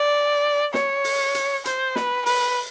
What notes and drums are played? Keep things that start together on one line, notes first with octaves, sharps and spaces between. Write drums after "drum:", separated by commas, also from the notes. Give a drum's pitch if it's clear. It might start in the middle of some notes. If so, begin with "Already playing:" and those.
Already playing: D5
C#5, drum: snare
drum: open hi-hat
drum: hi-hat
C5, drum: hi-hat
B4, drum: snare
B4, drum: open hi-hat